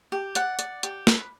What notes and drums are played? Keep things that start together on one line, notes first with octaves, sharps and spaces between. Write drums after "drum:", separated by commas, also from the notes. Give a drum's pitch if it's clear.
G4
D5 F#5, drum: hi-hat
D5, drum: hi-hat
G4, drum: hi-hat
B4, drum: snare